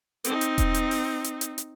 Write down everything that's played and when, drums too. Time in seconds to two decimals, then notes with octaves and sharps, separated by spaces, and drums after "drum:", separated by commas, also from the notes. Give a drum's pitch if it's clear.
0.24 C4 D#4, drum: hi-hat
0.41 drum: hi-hat
0.58 drum: kick E1, hi-hat
0.74 drum: hi-hat
0.91 drum: open hi-hat
1.24 drum: hi-hat
1.41 drum: hi-hat
1.58 drum: hi-hat